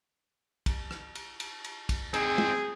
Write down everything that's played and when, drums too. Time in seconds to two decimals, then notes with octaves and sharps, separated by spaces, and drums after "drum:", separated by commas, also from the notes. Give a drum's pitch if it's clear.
0.66 drum: kick, cymbal
0.91 drum: rim click
1.15 drum: cymbal
1.40 drum: cymbal
1.64 drum: cymbal
1.89 drum: kick, cymbal
2.14 C4 D#4 G#4, drum: cymbal
2.38 drum: tom